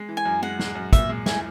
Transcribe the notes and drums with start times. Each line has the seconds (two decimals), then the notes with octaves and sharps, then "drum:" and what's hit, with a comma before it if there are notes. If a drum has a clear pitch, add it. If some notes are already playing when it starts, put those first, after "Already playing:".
Already playing: G#3
0.09 E3
0.17 G#5
0.26 F#2
0.42 G#3 F#5
0.59 G#3, drum: snare
0.75 F#2
0.93 A#2 E5, drum: kick, hi-hat
1.09 G#3
1.26 E4 G#5, drum: snare